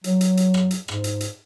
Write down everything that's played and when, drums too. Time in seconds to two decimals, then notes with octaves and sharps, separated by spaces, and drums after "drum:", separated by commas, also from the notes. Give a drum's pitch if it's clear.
0.04 F#3, drum: hi-hat
0.21 drum: hi-hat
0.37 drum: hi-hat
0.54 drum: rim click
0.71 drum: hi-hat
0.88 G#2, drum: rim click
1.04 drum: hi-hat
1.21 drum: hi-hat